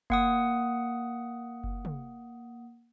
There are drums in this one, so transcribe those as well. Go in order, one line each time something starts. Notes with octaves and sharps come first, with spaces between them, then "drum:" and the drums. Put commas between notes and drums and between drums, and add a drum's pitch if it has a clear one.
A#3 F#5 D#6, drum: kick F#1
drum: kick F#1
drum: tom